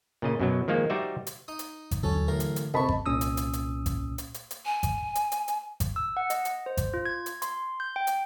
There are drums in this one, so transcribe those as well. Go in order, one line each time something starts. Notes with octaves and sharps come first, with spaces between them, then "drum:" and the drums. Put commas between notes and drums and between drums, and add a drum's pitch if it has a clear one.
A#2 C#3 D#5
F#2 B2 F#3
D#3 F3 G#3 A#3
G3 D#4 F#4 C5 D5 E5
drum: hi-hat
D#4 D#6
drum: hi-hat
drum: kick G#1, hi-hat
D#2 D3 E3 F#3 C#4 A4
A1 A2 D3 A#4
drum: hi-hat
drum: hi-hat
C2 F2 C3 D#5 A5 B5 C#6
drum: kick G#1
C2 A#2 C#4 D#6 E6
drum: hi-hat
drum: hi-hat
drum: hi-hat
drum: kick G#1, hi-hat
drum: hi-hat
drum: hi-hat
drum: hi-hat
G#5
drum: kick G#1, hi-hat
drum: hi-hat
drum: hi-hat
drum: hi-hat
drum: kick G#1, hi-hat
E6
F#5
D#5, drum: hi-hat
drum: hi-hat
C5
drum: kick G#1, hi-hat
F4
G#6
drum: hi-hat
C6, drum: hi-hat
G6
G5
drum: hi-hat